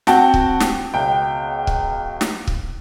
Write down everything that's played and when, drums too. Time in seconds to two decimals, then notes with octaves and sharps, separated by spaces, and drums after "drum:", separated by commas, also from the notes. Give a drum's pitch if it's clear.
0.07 C4 F#4 F#5 G5 A5, drum: snare
0.34 drum: kick
0.60 drum: snare
0.94 C#2 B2 G5
1.67 drum: kick
2.21 drum: snare
2.47 drum: kick